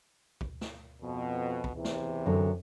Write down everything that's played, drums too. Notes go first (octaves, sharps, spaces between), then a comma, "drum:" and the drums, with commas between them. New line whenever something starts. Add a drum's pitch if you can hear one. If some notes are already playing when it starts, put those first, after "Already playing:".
drum: kick
drum: snare
F2 B2
drum: kick
E2 C3 E3
drum: snare
F#2 D3